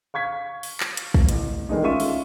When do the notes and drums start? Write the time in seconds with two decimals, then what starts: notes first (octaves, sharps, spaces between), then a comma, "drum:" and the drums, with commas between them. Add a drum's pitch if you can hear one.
0.14 F5 C#6 G#6 B6
0.63 drum: open hi-hat
0.80 drum: clap
0.97 drum: hi-hat
1.14 drum: kick
1.29 A1, drum: hi-hat
1.69 D#3 E3 G#3 A3 D4 D#4
1.83 G#3 C#4 F4 E5 C#6 D#7
2.00 drum: open hi-hat